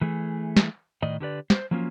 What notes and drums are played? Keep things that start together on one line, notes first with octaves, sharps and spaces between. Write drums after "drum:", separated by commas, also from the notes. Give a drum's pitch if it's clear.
E3 A3 G#4
drum: snare
A2 D#3 D5 D#5
D3 G4 B4 D5
C5, drum: snare
F3 F#3 A#3 C#4 F4